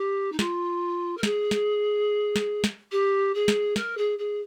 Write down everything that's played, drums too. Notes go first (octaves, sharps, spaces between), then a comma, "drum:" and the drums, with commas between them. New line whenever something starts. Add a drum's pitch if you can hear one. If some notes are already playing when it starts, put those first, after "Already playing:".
Already playing: G4
D#4
F4, drum: snare
A#4
G#4, drum: snare
drum: snare
drum: snare
drum: snare
G4
G#4
drum: snare
A#4, drum: snare
G#4
G#4